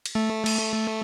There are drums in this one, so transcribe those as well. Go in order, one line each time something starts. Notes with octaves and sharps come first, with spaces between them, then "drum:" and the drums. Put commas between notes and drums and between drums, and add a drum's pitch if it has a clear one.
drum: cymbal
A3
drum: cymbal